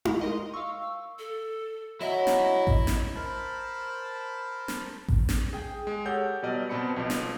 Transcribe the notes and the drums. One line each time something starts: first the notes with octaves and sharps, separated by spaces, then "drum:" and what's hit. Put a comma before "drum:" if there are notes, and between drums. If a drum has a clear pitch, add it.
drum: tom D#4
A#4 D#5 C6
F5 C#6 E6
E6
A4
F#3 E4 D#5 E5
drum: snare
drum: kick A1
drum: snare
A#4 C5 A5 B5
drum: snare
drum: kick A1
drum: snare
G#4 G5
G#3
G4 A4 C#5 F#5 G6
B2 F#3 G3 D5 D#5
B2 C4 A5 B5 C#7
B1 B2 F3 D#5
drum: snare